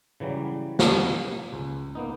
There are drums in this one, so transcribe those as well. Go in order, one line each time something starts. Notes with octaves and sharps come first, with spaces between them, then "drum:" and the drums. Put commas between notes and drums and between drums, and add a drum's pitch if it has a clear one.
C#3 E3 F#3 G3
drum: snare
C#2
A#3 B3 D#4